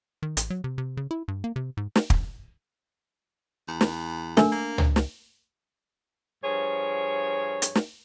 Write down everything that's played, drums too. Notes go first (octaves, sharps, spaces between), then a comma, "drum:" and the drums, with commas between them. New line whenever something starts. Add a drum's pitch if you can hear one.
D#3
A1, drum: hi-hat
F#3
C3
C3
C#3
E4
G2
A#3
C3
G#2
drum: snare
drum: kick
E2
drum: snare
A3 D4 A#4, drum: snare
A#3
drum: tom
drum: snare
G2 F3 G#4 C#5
drum: hi-hat
drum: snare